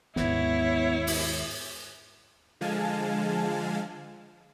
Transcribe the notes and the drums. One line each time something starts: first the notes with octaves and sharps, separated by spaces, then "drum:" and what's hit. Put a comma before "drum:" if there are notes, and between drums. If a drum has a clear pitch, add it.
D#2 G#2 B3 E4 C#5, drum: snare
drum: open hi-hat
D3 F3 G#3 F5 G#5 A5